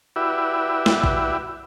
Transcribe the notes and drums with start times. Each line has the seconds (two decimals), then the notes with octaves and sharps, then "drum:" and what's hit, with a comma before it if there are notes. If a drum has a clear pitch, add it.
0.16 E4 F#4 G4 B4 D5 E5
0.86 drum: snare
1.04 drum: kick